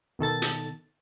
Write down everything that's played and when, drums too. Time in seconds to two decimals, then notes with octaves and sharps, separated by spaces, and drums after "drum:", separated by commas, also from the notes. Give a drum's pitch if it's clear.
0.19 B2 D#3 A4 A6
0.42 drum: hi-hat